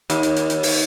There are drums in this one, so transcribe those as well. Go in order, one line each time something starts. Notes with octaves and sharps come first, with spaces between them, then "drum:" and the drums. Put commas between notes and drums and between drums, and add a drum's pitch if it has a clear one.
D#2, drum: hi-hat
drum: hi-hat
drum: hi-hat
drum: hi-hat
drum: open hi-hat